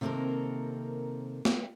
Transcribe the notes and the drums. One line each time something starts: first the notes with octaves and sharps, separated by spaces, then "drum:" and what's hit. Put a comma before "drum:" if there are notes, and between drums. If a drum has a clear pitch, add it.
C3 D#3 A#3 C4 A4 A#4
drum: snare A#3